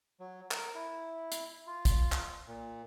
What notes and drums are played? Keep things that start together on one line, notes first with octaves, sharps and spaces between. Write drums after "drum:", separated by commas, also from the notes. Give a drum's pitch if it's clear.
F#3
A#4, drum: clap
E4
drum: hi-hat
F4
drum: kick, hi-hat
drum: clap
A#2